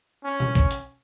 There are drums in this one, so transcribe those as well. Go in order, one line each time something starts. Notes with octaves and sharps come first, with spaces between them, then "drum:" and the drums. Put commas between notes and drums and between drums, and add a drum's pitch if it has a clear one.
C#4
drum: tom B2
drum: kick
drum: hi-hat